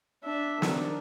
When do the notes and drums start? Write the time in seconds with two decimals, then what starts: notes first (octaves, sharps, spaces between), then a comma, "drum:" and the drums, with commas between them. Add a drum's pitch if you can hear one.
0.24 D4 E5
0.62 D#3 D4, drum: snare